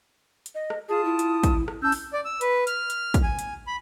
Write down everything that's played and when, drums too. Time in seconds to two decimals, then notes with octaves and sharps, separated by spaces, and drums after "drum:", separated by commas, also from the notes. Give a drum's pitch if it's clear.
0.46 drum: hi-hat
0.55 D#5
0.70 drum: rim click
0.89 F4 G#4 A5 D#6
1.05 E4
1.19 drum: hi-hat
1.43 drum: kick, hi-hat
1.68 drum: rim click
1.82 C#4 A5 E6 G6
1.92 drum: open hi-hat
2.13 D5
2.25 E6
2.41 B4, drum: hi-hat
2.67 F6, drum: hi-hat
2.90 drum: hi-hat
3.14 drum: kick, hi-hat
3.23 G#5
3.39 drum: hi-hat
3.67 B5